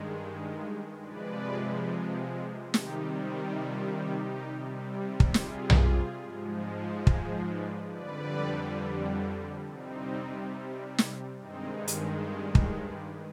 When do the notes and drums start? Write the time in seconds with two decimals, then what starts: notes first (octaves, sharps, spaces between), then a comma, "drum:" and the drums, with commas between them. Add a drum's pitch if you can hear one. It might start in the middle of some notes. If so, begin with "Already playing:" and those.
Already playing: G2 D#3 G#3
1.01 C3 F3 G#3 B4 D5
2.74 C3 D#3 G3 D#4 G4, drum: snare
3.61 D4 F4
4.04 D#4 G4
4.47 C3 G3
5.20 drum: kick
5.34 F4 G#4, drum: snare
5.70 drum: tom B1
6.21 G#2 F3 G#3
7.07 G#4 C5, drum: kick
7.50 B4 D5
7.93 F2 D3 G3 B4 D5
9.67 C3 G3 C4 D#4
10.98 drum: snare
11.39 G2 D#3 G#3 C4 D#4
11.88 drum: hi-hat
12.26 D4 F4
12.55 G#4 C5, drum: kick
12.84 B4 D5